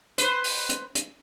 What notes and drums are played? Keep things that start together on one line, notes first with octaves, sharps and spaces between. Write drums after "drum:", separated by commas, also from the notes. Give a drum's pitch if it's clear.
B4 C5, drum: hi-hat
drum: open hi-hat
drum: hi-hat
drum: hi-hat